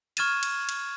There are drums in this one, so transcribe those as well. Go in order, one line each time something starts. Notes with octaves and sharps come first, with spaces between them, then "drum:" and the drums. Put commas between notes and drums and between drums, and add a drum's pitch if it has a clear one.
C#6 F6 G#6 A6 D#7 E7, drum: cymbal
drum: cymbal
drum: cymbal